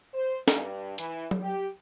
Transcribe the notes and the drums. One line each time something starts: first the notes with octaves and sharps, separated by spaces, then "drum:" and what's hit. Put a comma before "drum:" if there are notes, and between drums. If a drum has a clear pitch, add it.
C5
G2, drum: snare
E3, drum: hi-hat
drum: tom F#3
G4